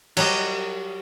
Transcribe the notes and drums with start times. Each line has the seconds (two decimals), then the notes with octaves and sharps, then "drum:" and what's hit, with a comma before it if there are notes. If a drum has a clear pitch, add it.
0.17 F#3 G3 D#5, drum: cymbal